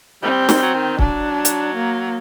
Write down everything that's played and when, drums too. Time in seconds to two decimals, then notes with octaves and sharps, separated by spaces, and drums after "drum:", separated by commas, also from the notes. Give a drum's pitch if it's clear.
0.22 G3 C4
0.49 F#3, drum: snare
0.56 G3
0.62 F#3
0.74 D#3
0.99 F#3 D4, drum: kick
1.45 drum: hi-hat
1.75 A#3